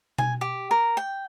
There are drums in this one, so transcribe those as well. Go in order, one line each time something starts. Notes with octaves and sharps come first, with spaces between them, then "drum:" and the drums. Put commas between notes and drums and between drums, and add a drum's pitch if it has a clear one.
G#5, drum: tom B2
G4
A#4
G5